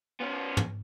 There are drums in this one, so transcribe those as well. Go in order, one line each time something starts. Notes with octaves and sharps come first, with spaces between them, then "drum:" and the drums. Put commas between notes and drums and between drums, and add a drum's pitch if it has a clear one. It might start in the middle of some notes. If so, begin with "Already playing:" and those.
B3 C#4
drum: tom